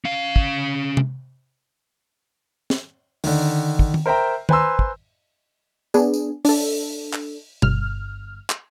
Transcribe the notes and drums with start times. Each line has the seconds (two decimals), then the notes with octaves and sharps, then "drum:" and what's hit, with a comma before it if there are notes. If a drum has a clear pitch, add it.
0.05 C#4 F5
0.36 drum: kick
0.97 drum: tom C3
2.70 drum: snare
3.24 D3 D#3, drum: open hi-hat
3.79 drum: kick
3.94 drum: tom D#3
4.06 A#4 C5 E5 G5 A#5
4.49 B4 C5 G#5 A#5 C6 E6, drum: tom D#3
4.79 drum: kick
5.94 B3 D4 G#4, drum: tambourine
6.14 drum: tambourine
6.45 D4 A4, drum: open hi-hat
7.13 drum: clap
7.62 G1 F6, drum: tom B2
8.50 drum: clap